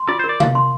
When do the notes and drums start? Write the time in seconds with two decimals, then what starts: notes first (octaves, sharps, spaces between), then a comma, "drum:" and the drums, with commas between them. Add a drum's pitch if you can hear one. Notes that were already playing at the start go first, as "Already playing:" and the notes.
Already playing: C6
0.08 F4 D5
0.19 C5
0.24 A#4
0.29 D5
0.40 F5, drum: tom C3
0.55 C6